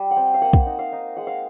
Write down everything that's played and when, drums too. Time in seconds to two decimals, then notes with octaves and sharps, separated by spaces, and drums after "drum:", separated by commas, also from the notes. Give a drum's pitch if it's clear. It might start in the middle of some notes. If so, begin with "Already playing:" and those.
Already playing: G3
0.11 F#5
0.16 C4 G5
0.34 F5
0.42 A#3 F#5
0.53 drum: kick
0.66 D#4
0.79 F5
0.92 D#4
1.17 G#3 F#5
1.27 F5